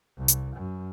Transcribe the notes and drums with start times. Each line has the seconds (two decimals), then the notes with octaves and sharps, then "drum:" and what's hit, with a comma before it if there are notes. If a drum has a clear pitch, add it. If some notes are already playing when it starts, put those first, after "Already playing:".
0.18 C2
0.28 drum: hi-hat
0.56 F#2